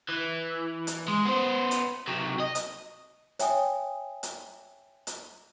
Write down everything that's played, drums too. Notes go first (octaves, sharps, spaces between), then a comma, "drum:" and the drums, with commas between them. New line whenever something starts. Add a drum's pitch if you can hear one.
E3
drum: hi-hat
G#3
B3 C5
drum: hi-hat
C3 F#3
D#5
drum: hi-hat
C#5 E5 G5 G#5 D#6, drum: hi-hat
drum: hi-hat
drum: hi-hat